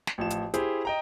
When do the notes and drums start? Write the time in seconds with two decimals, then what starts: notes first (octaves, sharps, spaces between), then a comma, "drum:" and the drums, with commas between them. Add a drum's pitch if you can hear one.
0.07 drum: snare
0.18 A1 F3 E7
0.30 drum: hi-hat
0.54 E4 G4 G#4 C5, drum: hi-hat
0.85 D#5 G5 A#5